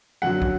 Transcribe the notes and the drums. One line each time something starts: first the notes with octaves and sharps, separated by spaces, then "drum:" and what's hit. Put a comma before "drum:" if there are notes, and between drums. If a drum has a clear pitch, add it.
F#2 D3 F#3 F#5
drum: kick